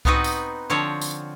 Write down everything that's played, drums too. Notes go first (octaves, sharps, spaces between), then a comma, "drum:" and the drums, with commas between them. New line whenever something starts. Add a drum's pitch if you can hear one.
B3 C4 D#4 F#4 B4, drum: kick C2
drum: tambourine
D3 F3 C4 C#5
drum: tambourine